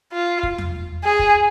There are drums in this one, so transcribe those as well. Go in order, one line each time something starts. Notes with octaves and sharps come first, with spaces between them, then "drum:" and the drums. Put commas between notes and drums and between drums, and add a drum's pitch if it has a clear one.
F4
drum: kick
drum: tom E2
G#4
drum: kick